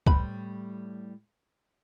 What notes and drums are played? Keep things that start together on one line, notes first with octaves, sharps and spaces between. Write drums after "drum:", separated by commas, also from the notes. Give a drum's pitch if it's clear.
A2 G3 C4 B4 B5, drum: kick